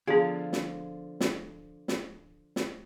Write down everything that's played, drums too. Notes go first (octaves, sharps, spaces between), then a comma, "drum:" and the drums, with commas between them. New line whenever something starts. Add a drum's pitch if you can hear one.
D3 F3 B3 F4 G#4 F5
drum: snare
drum: snare
drum: snare
drum: snare